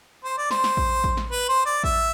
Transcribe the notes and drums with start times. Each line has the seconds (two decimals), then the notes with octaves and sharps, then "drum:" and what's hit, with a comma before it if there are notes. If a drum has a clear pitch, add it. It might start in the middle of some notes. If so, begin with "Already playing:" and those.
0.24 C5
0.38 D5
0.51 C5, drum: snare
0.64 drum: snare
0.77 drum: kick A1
1.04 drum: kick A1
1.17 drum: snare
1.31 B4
1.49 C5
1.66 D5
1.84 E5, drum: kick A1